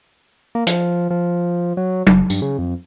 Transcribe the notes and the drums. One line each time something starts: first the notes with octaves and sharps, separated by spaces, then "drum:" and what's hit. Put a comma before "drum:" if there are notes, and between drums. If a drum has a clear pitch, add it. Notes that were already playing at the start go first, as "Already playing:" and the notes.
A#3
F3, drum: hi-hat
F3
F#3
F#1, drum: tom F#3
G2, drum: tambourine
C#3
F2